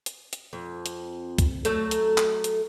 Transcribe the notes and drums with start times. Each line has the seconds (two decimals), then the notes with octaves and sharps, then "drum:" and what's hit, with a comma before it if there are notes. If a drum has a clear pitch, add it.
0.06 drum: hi-hat
0.33 drum: hi-hat
0.53 F2
0.86 drum: hi-hat
1.38 drum: kick, hi-hat
1.65 F#3 A3 A4, drum: hi-hat
1.91 drum: hi-hat
2.18 drum: clap
2.44 drum: hi-hat